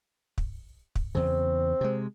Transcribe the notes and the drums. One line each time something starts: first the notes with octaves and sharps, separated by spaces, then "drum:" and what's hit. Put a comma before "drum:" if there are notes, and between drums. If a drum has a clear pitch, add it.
drum: kick
drum: kick
E2 C#3 C4
C3 G#3